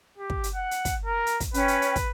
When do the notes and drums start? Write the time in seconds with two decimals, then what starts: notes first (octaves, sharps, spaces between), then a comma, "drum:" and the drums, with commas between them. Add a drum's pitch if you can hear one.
0.18 G4
0.30 drum: kick
0.44 drum: hi-hat
0.55 F#5
0.71 drum: hi-hat
0.85 drum: kick, hi-hat
1.05 A#4
1.26 drum: hi-hat
1.40 drum: kick, hi-hat
1.54 C#4 B4 C#5 G5, drum: hi-hat
1.68 drum: hi-hat
1.82 drum: hi-hat
1.96 drum: kick, hi-hat